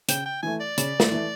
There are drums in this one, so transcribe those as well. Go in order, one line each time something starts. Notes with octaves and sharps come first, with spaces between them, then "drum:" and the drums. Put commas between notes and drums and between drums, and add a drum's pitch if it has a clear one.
C#3 G5, drum: hi-hat
G5
E3 A3 G#5
D5
C#3, drum: hi-hat
drum: snare
E3 A3